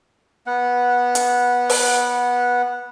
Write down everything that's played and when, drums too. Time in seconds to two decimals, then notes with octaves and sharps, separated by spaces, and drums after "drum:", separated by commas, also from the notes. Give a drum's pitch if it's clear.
0.47 B3 F#5
1.15 drum: hi-hat
1.70 drum: open hi-hat